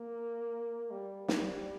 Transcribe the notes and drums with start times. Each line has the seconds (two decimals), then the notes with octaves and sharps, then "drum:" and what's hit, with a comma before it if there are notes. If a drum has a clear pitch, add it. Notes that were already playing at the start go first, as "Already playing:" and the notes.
Already playing: A#3
0.91 G3
1.28 drum: snare